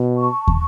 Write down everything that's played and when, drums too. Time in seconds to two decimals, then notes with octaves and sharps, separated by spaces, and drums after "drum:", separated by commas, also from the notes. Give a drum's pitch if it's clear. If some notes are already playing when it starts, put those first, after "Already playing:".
Already playing: B2
0.16 A5 C#6
0.48 drum: kick